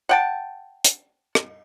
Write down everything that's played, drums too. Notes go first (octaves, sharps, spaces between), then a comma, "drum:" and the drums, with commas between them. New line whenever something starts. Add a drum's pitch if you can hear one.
F#5 G5 A5
drum: hi-hat
drum: rim click